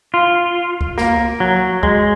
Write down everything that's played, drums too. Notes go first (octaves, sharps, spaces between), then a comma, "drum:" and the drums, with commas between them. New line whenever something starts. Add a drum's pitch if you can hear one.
F4
drum: kick C2
A#3, drum: snare
F#3
G#3, drum: kick C2